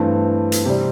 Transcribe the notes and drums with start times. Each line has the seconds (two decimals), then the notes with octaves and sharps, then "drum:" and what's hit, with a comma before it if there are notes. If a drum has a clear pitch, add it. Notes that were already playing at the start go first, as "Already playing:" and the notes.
Already playing: G2 E3 A3 C4
0.52 drum: hi-hat
0.65 C3 E3 G3